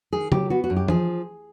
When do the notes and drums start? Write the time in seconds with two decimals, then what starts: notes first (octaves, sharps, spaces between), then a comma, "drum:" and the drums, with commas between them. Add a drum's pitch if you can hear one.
0.13 D#3 G#4
0.32 F#3 G4, drum: tom C#3
0.50 B3 F#4
0.64 F#4
0.70 F#2
0.76 G4
0.88 F3 G#4, drum: tom